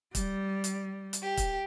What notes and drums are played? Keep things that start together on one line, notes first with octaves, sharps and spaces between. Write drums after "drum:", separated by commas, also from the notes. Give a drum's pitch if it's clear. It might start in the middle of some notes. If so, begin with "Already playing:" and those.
G3, drum: kick, hi-hat
drum: hi-hat
drum: hi-hat
G4
drum: kick, hi-hat